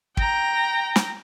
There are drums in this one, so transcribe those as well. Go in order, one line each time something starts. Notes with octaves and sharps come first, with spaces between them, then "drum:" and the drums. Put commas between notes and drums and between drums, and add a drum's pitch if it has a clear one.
G5 A#5, drum: kick
drum: snare